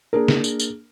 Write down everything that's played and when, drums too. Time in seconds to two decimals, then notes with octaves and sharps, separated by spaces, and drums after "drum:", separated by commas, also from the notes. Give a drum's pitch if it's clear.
0.13 A#3 D4 G#4 A#4
0.28 drum: snare
0.44 drum: tambourine
0.60 drum: tambourine